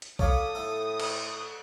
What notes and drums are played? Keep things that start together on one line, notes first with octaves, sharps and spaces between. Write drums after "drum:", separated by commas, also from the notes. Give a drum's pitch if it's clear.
drum: hi-hat
A4 C#5 D5 F5 B5 D#6, drum: kick
A2 A4
drum: cymbal